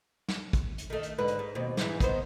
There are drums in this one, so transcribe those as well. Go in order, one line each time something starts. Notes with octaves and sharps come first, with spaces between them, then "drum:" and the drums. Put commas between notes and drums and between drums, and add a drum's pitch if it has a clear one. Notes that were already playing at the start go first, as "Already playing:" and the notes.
drum: snare
drum: kick, hi-hat
drum: hi-hat
D#3 A3
drum: hi-hat
G#2 D3 B4
drum: hi-hat
G#2
D#2 B2 C4
G#2 E3, drum: snare
D#3 B3 C5, drum: kick, hi-hat